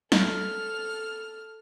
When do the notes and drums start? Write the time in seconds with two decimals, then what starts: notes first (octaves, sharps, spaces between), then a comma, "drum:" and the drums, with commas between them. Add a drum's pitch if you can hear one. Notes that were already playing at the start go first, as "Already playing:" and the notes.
0.12 A4 F6, drum: snare